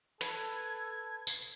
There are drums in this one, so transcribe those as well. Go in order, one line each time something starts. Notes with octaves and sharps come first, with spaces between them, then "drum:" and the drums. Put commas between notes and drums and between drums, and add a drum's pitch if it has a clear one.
A4 B4 G#6, drum: hi-hat
drum: tambourine